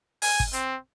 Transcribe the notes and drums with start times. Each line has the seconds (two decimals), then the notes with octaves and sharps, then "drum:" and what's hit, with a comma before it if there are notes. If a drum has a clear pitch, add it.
0.22 G#5, drum: open hi-hat
0.40 drum: kick
0.53 C4, drum: hi-hat